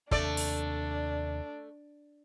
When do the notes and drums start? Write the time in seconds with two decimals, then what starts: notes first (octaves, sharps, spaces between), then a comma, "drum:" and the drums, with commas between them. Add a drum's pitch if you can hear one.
0.11 D#2 C3 A3 D4 D5, drum: kick
0.37 drum: open hi-hat